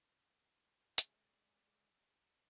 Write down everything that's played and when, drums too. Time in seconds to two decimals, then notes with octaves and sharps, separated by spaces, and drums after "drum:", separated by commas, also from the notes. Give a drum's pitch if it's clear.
0.98 C#3 G#3 A3 D5, drum: hi-hat